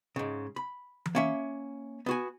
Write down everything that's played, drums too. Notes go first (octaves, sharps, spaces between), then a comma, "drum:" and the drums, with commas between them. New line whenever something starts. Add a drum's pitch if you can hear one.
G#2 C#3
B5
drum: tom E3
A#3 C#4 E5
B3 F#4 G#5